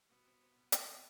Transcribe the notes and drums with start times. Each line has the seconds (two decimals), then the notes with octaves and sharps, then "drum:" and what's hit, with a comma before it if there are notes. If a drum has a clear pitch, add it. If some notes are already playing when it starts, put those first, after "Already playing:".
Already playing: G3 E4 G4
0.09 B2 B3
0.25 C4
0.41 C4
0.56 B2
0.72 F#4, drum: hi-hat
0.88 F#4